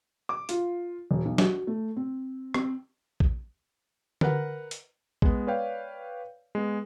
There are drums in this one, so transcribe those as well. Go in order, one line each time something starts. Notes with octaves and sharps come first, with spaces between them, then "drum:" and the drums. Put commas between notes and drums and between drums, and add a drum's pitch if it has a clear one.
D6
F4, drum: hi-hat
E1
B1
F#4, drum: snare
A3
C4
C4, drum: rim click
drum: kick A#1
A#4 B4 F#5, drum: tom D3
drum: hi-hat
G#3 B3, drum: kick A#1
B4 C#5 D5 F5 G5
G#3 B3